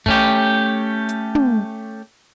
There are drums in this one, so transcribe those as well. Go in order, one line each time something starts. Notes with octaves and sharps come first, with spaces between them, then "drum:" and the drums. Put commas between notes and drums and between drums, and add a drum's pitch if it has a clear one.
A3 C#4 G4, drum: kick
drum: hi-hat
drum: tom